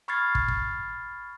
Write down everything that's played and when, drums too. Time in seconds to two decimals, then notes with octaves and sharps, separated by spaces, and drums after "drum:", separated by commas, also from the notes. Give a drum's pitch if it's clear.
0.08 B5 C#6 F6 G#6 A6 C7
0.35 drum: kick
0.48 drum: kick